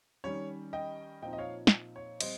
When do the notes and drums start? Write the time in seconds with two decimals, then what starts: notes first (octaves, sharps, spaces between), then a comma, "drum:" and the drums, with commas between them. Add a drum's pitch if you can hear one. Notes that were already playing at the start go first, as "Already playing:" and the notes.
0.24 D#3 G3 C#4 C#5
0.73 D#5 G5
1.22 A#2 F3 C4 D#4 D#5 G5
1.33 D#5
1.38 C#5 F5
1.67 drum: snare
1.96 C#5
2.20 G3 C4 C5 D#5, drum: cymbal